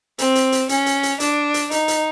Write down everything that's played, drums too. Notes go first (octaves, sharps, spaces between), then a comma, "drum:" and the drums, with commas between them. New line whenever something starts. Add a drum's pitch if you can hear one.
C4, drum: hi-hat
drum: hi-hat
drum: hi-hat
C#4, drum: hi-hat
drum: hi-hat
drum: hi-hat
D4, drum: hi-hat
drum: hi-hat
D#4, drum: hi-hat
drum: hi-hat